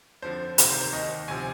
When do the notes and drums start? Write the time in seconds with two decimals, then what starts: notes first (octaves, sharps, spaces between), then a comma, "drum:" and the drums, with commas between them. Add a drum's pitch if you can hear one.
0.22 F2 D3 F3 C5
0.58 D2 C3 D#3 A#4, drum: hi-hat
0.70 C5
0.81 C5
0.93 D#2 D#3 D#5
1.28 D2 C3 F3 G#5